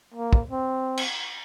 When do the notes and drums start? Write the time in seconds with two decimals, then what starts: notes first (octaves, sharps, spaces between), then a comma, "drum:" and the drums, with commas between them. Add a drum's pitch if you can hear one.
0.14 A#3
0.33 drum: kick
0.51 C4
0.97 drum: cymbal